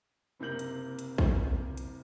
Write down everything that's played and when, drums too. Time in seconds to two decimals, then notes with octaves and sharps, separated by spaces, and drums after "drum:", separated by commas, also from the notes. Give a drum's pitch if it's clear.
0.40 F#1 C3 A#3 G6 F#7
0.59 drum: hi-hat
0.99 drum: hi-hat
1.18 drum: kick A#1
1.77 drum: hi-hat